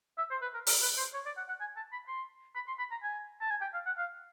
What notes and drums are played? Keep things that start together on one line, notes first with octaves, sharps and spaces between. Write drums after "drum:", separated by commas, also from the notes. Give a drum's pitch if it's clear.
E5
C5
B4
A#4
A#4, drum: open hi-hat
B4
C5
C#5
D5
F#5
F#5
G#5
A5
B5
C6
B5
C6
B5
A#5
G#5
A5
G#5
G5
F5
F#5
F5